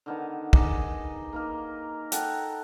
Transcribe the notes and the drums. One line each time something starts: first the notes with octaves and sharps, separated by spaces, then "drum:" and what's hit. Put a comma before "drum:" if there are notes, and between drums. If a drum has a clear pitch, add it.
D3 D#3 B3
D#4 G#4 D5 D#5, drum: kick
A#3 D#4 A#4
A4 F#5 G5 A#5, drum: hi-hat